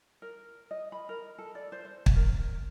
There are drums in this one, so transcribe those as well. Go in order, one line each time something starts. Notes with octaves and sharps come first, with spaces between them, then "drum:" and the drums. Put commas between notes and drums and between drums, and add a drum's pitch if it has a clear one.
A#4
D#5
B5
A#4
A4
D5
C5
C5
drum: kick
A#4